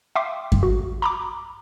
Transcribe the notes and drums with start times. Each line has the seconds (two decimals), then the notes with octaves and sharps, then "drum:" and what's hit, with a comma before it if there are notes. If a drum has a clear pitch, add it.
0.16 E5 F5 G5 C6 D6
0.52 drum: kick F#2
0.63 F#4
1.02 A#5 B5 D6